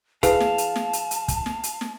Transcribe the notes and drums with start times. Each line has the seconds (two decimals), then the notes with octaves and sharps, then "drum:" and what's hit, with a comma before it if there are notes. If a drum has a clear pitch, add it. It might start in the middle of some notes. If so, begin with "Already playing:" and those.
0.23 E3 G#4 F5 A5, drum: kick, hi-hat
0.41 drum: snare
0.58 drum: hi-hat
0.76 drum: snare
0.93 drum: hi-hat
1.11 drum: hi-hat
1.28 drum: kick, hi-hat
1.46 drum: snare
1.63 drum: hi-hat
1.81 drum: snare